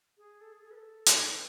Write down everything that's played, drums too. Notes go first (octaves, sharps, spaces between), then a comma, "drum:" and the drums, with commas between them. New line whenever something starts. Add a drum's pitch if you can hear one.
G#4
A4
G#4
G#4
B4
A4
drum: hi-hat
B4